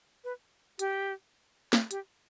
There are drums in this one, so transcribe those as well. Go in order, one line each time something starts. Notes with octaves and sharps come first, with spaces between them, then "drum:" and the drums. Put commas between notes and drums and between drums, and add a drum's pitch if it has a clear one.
B4
G4, drum: hi-hat
drum: snare
G4, drum: hi-hat